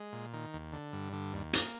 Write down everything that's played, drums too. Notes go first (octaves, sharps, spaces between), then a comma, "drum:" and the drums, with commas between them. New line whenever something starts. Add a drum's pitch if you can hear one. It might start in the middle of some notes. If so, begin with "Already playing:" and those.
Already playing: G#3
A#2
D#3
D#2
D3
G2
D3
D#2
A#3, drum: hi-hat